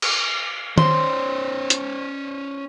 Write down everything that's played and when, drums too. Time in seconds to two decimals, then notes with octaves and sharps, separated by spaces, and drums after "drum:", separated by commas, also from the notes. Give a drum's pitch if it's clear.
0.02 drum: cymbal
0.78 C#4 C5 C6, drum: tom D#3
1.70 drum: hi-hat